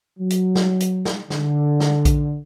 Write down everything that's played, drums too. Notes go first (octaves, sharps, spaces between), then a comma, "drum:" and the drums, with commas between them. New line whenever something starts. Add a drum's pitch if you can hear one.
F#3
drum: hi-hat
drum: snare
drum: hi-hat
drum: snare
D3, drum: snare
drum: snare
drum: kick A#1, hi-hat